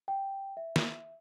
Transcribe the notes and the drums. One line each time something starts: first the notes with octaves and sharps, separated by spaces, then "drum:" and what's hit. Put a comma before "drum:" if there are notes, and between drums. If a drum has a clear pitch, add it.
G5
E5
drum: snare